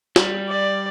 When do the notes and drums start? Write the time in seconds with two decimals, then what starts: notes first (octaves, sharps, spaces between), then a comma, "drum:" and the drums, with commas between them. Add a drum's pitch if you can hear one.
0.16 G3, drum: snare
0.49 D5